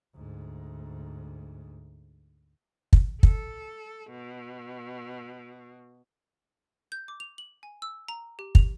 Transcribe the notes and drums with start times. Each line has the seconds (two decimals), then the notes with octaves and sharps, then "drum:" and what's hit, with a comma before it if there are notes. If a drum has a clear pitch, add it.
0.15 D2 G#2
2.93 drum: kick
3.23 A4, drum: kick
4.10 B2
6.92 G6
7.08 D6
7.20 F7
7.38 F#7
7.63 G#5
7.82 E6
8.08 A#5
8.39 G4
8.55 F7, drum: kick